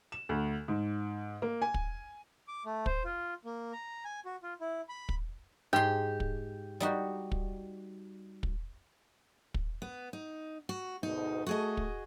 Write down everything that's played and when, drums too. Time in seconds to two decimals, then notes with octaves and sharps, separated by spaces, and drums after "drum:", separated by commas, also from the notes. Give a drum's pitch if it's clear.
0.12 E7
0.29 D2
0.68 G#2
1.42 A#3
1.62 G#5
1.74 drum: kick
2.48 D6
2.66 A3
2.86 C5, drum: kick
3.04 F4
3.45 A#3
3.72 A#5
4.04 G#5
4.25 F#4
4.43 F4
4.61 E4
4.89 B5
5.09 drum: kick
5.73 G#2 G4 C6
6.20 drum: kick
6.80 G3 D#4 F#4
7.32 drum: kick
8.43 drum: kick
9.54 drum: kick
9.82 B3
10.13 D#4
10.69 F#4
11.03 D2 G#2 B2 D#4
11.47 A3 F#4 G#4 D#5
11.77 drum: kick